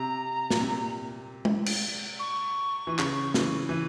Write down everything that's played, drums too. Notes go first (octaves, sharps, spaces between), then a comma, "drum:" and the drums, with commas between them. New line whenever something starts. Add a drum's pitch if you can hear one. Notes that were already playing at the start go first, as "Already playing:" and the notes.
Already playing: C3 A#5
A#2, drum: snare
C3
drum: tom G#3
drum: cymbal
C#6
E3
C#3, drum: clap
C#3, drum: snare
E3
E3